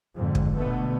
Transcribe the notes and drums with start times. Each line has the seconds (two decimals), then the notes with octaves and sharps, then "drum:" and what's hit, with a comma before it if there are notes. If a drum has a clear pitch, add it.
0.16 F2 G#2 D3
0.35 drum: kick
0.57 B2 D3 A3 B3